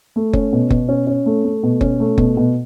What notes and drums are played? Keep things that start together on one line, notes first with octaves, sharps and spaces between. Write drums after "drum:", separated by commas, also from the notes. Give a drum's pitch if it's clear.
A3
C#4, drum: kick F#1
B2
B2, drum: kick F#1
C#4
C#4
A3
A3
B2
C#4, drum: kick F#1
A3
B2, drum: kick F#1
B2